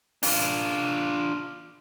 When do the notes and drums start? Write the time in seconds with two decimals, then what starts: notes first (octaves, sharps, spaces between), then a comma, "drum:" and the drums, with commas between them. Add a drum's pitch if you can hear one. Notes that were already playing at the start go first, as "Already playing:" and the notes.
0.23 D4 F4, drum: open hi-hat